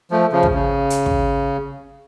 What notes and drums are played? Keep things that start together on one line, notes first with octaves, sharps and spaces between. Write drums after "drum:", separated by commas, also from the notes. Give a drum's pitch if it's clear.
F3 A3
C#3 F3
drum: kick
C#3
drum: hi-hat
drum: kick